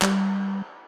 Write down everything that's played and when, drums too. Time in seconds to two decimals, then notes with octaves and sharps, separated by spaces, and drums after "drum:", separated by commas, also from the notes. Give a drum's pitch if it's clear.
0.02 G3, drum: clap